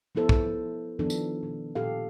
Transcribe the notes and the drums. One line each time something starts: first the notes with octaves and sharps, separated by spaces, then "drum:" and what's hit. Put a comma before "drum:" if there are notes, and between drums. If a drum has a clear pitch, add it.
F3 B3 E4 A4 C5
drum: kick
D#3 F3 B3 D4 A4
drum: tambourine
B2 D#3
A#2 G4 A4 F5